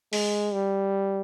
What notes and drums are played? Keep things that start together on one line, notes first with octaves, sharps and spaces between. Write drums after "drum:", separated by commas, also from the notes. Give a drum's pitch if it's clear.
G#3, drum: open hi-hat
G3